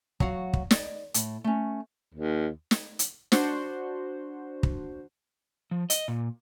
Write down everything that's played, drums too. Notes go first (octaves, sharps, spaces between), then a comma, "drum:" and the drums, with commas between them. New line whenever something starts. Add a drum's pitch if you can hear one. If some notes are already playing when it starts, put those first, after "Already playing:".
F#3 F#4 F5 F#5, drum: kick
drum: kick
D5 D#5, drum: snare
A2, drum: hi-hat
A3 C#4
D#2
drum: snare
drum: hi-hat
D4 F#4 C5, drum: snare
drum: kick
F3
D#5, drum: hi-hat
A#2